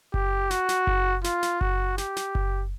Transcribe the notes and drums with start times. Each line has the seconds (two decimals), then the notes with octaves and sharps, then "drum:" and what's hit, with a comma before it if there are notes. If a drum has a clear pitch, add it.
0.14 G4, drum: kick F#1
0.51 F#4, drum: snare
0.69 drum: snare
0.87 drum: kick F#1
1.24 F4, drum: snare
1.43 drum: snare
1.61 F#4, drum: kick F#1
1.98 G4, drum: snare
2.16 drum: snare
2.35 drum: kick F#1